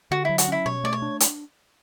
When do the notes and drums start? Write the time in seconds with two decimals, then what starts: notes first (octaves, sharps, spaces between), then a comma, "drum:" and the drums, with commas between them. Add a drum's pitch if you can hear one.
0.11 D3 F#4
0.25 F#3 E4
0.38 F#4, drum: hi-hat
0.48 C#4 E4
0.66 B2 C#5
0.84 A3 D5
0.93 C#5
1.02 D4
1.20 drum: hi-hat